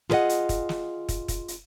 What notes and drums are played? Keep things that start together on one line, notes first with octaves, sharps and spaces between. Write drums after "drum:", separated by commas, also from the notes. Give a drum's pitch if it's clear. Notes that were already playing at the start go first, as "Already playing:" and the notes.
F4 G#4 B4 D5 D#5 F#5, drum: snare
drum: hi-hat
drum: kick, hi-hat
drum: snare
drum: kick, hi-hat
drum: kick, hi-hat
drum: hi-hat